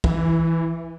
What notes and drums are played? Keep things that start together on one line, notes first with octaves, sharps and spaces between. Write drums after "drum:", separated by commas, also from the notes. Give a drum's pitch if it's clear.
E3, drum: kick